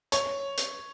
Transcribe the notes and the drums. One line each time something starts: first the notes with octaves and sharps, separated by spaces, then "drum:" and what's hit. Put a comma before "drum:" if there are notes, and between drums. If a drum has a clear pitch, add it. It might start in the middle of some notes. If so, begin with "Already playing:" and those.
C#5, drum: hi-hat
drum: hi-hat